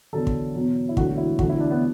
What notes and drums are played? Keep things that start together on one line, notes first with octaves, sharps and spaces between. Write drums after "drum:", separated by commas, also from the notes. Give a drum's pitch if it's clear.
E2 D3 F#3 A4
drum: kick
E2 B2 F#3
E4
E1 D2 D3 F#3 F#4, drum: kick
E4
E1 D2 D3 F#3 F#4, drum: kick
E4
D4
B3